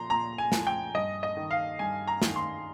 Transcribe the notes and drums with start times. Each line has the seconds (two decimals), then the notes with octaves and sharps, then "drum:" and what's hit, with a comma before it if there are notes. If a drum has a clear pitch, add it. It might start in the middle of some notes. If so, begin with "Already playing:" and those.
Already playing: A#2 F3 A#5 C6
0.10 A#2 A#5
0.38 G#5
0.52 F3, drum: snare
0.67 G5
0.95 G2 D#5
1.23 D#5
1.37 D#3
1.51 F5
1.79 G2 G#5
2.07 A#5
2.22 D#3, drum: snare
2.36 C6